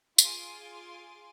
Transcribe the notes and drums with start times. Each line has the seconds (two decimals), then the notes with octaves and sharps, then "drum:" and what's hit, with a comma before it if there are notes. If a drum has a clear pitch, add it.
0.18 F4 G#4 G#5 C6 D6, drum: tambourine